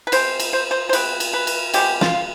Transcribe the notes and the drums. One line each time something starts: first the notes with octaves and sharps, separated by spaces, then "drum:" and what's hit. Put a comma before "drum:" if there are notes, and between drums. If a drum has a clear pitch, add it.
B4
B2 G#3 C4 C5, drum: cymbal
drum: cymbal
C5
C5
C5
B2 G#3 C4 B4, drum: cymbal
drum: cymbal
B4
drum: cymbal
B2 G#3 C4 G4, drum: cymbal
F4, drum: snare